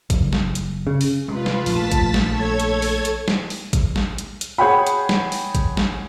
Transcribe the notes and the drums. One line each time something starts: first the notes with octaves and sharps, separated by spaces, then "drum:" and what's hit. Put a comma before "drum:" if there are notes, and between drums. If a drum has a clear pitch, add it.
F#1, drum: kick, hi-hat
drum: snare
drum: hi-hat
C#3
drum: open hi-hat
C3 G#3 F4 B4
drum: snare
A#1 F3 A3 A5 A6 B6, drum: open hi-hat
drum: kick, hi-hat
drum: snare
A4 C#5 G#6
drum: hi-hat
drum: open hi-hat
drum: hi-hat
drum: snare
drum: open hi-hat
drum: kick, hi-hat
drum: snare
drum: hi-hat
drum: hi-hat
G#4 C#5 F#5 G5 B5
drum: hi-hat
drum: snare
drum: open hi-hat
drum: kick, hi-hat
drum: snare